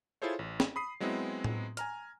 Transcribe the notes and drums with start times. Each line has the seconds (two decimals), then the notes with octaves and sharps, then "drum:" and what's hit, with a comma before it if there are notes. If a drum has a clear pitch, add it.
0.22 E4 F4 G#4 A4 C5 C#5
0.39 A1
0.60 drum: snare
0.76 B5 D#6 C7
1.00 F#3 G#3 B3 C4 E4
1.44 drum: tom A2
1.77 G#5 A#5 F6, drum: hi-hat